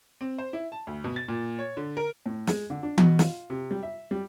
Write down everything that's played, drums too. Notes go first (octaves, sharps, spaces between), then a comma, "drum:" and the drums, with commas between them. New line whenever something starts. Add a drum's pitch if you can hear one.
C4
C5
E4
A5
D2
B2
A6
A#2
C#5
D3
A#4
A2
G#3, drum: snare
D3
D4
B2, drum: tom E3
F4, drum: snare
C3
G3
E5
G3